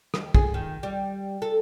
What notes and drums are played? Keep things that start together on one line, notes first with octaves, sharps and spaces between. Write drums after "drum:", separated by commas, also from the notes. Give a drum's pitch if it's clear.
D#2, drum: rim click
G#4, drum: kick
D#3
G3
A4